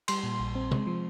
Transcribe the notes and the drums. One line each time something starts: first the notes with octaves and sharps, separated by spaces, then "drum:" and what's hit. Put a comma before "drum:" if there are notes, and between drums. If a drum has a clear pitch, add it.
G3 C6, drum: cymbal
A#2
A#1
C4
G#3, drum: tom C3
F3